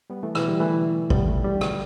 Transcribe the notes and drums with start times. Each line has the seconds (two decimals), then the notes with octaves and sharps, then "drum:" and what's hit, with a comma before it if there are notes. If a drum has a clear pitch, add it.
0.10 G3 B3
0.23 E3 A3
0.35 B2 E3, drum: rim click
0.47 D3 G3
0.60 E3 A3
1.10 G3 B3, drum: kick G#1
1.28 E3 A3
1.44 D3 G3
1.61 B2, drum: rim click